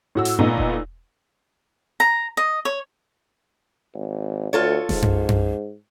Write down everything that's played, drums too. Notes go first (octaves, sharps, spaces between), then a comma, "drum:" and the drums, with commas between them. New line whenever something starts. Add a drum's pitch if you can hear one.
A2 F#4 E6
drum: hi-hat
A#2 A3 B3 D#4
drum: kick E1
A#5
D#5
C#5
G#1
D2 F4 A4 C#5
G#2, drum: snare D#1
drum: tom F#2
drum: tom F#2